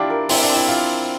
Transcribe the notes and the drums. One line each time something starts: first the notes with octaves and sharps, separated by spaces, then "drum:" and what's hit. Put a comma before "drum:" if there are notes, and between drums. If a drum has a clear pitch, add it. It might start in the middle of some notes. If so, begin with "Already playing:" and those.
Already playing: D4 E4 F4 G4
A#4
C4 E4, drum: open hi-hat
D4
C4
E4
F4